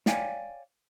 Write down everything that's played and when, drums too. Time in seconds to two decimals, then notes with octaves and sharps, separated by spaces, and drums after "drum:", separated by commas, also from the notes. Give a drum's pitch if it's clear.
0.06 C#5 D5 F5 G5 G#5, drum: snare